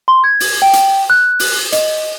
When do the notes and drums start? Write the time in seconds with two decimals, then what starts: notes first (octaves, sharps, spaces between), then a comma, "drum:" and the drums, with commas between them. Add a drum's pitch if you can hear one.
0.08 C6
0.24 G#6
0.40 drum: open hi-hat
0.62 G5
0.73 drum: hi-hat
1.10 F#6
1.39 drum: open hi-hat
1.72 D#5, drum: hi-hat